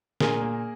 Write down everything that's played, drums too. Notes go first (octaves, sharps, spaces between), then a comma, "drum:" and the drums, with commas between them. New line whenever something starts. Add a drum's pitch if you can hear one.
A#2 G#4 A#4, drum: snare
A#3